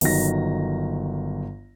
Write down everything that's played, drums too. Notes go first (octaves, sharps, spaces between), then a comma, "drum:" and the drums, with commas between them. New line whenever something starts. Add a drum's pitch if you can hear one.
G1 D#3 F#3 A#6, drum: open hi-hat